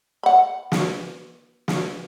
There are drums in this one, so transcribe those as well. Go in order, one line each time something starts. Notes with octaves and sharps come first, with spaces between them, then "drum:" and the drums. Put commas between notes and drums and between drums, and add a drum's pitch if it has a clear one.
F#5 B5
drum: snare
drum: snare